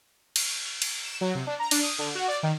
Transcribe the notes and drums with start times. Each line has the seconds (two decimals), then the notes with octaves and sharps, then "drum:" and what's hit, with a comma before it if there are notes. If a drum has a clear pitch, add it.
0.36 drum: cymbal
0.82 drum: cymbal
1.05 E7
1.21 F#3
1.35 C3
1.47 D4
1.59 A#5
1.71 D4, drum: cymbal
1.83 D#6
1.99 D3
2.15 F#4
2.28 D5
2.43 D#3